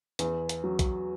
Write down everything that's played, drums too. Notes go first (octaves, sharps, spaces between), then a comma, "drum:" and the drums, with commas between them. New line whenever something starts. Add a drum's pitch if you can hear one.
E2, drum: hi-hat
drum: hi-hat
F#3
drum: kick, hi-hat